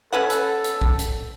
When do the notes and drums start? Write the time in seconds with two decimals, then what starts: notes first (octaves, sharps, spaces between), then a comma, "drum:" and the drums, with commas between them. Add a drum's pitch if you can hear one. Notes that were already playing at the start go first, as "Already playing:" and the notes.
0.13 C#4 A4 B4 F#5
0.30 drum: hi-hat
0.64 drum: hi-hat
0.81 drum: kick B1
0.99 drum: hi-hat